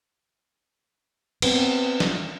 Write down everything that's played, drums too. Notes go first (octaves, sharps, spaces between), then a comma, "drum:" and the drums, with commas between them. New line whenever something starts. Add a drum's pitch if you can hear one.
B3 C4, drum: cymbal
drum: snare